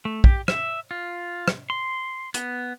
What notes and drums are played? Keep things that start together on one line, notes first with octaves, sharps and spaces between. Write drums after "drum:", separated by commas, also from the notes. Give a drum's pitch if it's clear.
A3
G4, drum: kick
E5, drum: rim click
F4
drum: rim click
C6
B3, drum: hi-hat